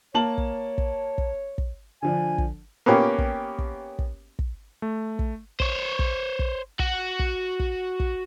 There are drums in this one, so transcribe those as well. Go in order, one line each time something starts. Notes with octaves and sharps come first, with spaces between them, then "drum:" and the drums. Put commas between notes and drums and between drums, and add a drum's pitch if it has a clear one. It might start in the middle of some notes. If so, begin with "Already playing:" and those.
A#3 C#5 A5 F#7
drum: kick
drum: kick
drum: kick
drum: kick
D3 F3 D4 G#5
drum: kick
A#3 B3 C#4 G4
drum: kick
drum: kick
drum: kick
drum: kick
A3
drum: kick
C5 C#5, drum: kick
drum: kick
drum: kick
F#4, drum: kick
drum: kick
drum: kick
drum: kick